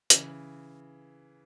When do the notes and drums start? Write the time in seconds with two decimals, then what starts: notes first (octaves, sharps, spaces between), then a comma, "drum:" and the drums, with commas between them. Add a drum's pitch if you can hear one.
0.10 C#3 E3, drum: hi-hat